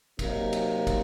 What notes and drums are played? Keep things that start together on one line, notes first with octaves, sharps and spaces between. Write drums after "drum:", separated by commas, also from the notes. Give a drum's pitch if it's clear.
C3 F#3 A#3 D#4, drum: kick, cymbal
drum: cymbal
drum: kick, cymbal